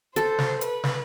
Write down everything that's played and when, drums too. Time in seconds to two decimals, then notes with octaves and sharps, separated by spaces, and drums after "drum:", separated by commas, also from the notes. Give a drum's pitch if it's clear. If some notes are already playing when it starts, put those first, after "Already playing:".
0.16 A4 C5, drum: hi-hat
0.38 drum: snare
0.61 B4, drum: hi-hat
0.84 drum: snare